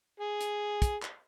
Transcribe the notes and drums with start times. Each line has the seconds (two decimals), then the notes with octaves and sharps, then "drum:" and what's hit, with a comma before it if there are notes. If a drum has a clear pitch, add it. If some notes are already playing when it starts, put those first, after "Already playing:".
0.20 G#4
0.41 drum: hi-hat
0.82 drum: kick, hi-hat
1.02 drum: clap